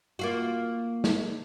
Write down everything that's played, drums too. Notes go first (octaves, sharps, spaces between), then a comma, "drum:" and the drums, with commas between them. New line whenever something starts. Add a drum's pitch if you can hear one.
A#3 F4 F#4
drum: snare